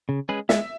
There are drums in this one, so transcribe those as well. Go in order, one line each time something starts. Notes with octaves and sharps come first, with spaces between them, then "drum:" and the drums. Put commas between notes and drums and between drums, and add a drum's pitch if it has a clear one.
C#3
G#3 C#4 G#4 B4
G#3 E5, drum: snare